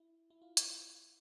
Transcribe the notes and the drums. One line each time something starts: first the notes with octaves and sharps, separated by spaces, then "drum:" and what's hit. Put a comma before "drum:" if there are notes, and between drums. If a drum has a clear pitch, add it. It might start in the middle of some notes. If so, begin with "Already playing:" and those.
Already playing: E4
E4
F4
drum: hi-hat